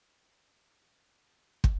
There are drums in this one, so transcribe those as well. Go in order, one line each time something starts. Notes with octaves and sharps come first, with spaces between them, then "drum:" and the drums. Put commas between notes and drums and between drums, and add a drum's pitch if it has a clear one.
B3 D#5 C6
G2 C#3 F3 F#3 F#4 C#5
drum: kick